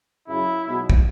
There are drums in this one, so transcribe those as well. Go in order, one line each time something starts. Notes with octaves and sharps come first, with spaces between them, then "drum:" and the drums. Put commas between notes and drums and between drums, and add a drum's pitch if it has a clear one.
F#2 C#3 F#3 E4
B1 B2 G#3 B3 E4
drum: kick